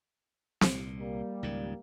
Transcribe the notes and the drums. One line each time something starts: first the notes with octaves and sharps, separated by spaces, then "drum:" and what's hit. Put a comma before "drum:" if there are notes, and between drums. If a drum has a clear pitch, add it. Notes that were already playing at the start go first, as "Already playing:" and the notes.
C2 A#2, drum: snare C4
G3 A#3
C#2 G#2 D#3